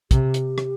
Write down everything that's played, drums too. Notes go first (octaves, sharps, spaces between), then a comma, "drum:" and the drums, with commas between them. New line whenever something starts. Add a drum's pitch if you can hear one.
C3 G4, drum: kick, hi-hat
drum: hi-hat
drum: rim click